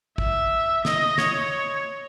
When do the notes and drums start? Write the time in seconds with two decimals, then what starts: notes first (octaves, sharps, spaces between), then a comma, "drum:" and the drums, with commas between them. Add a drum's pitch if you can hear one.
0.18 E5, drum: kick
0.85 D#5, drum: snare
1.18 C#5, drum: snare